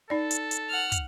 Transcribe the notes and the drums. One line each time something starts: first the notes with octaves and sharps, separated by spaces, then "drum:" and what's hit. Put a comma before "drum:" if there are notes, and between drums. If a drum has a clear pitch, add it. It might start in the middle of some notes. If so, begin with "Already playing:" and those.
D#4 A4 D5
drum: hi-hat
drum: hi-hat
F#5 F6
drum: kick, hi-hat